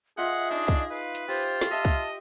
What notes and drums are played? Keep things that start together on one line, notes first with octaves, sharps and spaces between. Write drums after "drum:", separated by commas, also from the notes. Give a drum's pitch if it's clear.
F4 G#4 D#5 E5 F#5
D4 D#4
drum: kick
B4 F5
drum: hi-hat
F4 G4 C5
drum: snare
D#5 E5 A5
drum: kick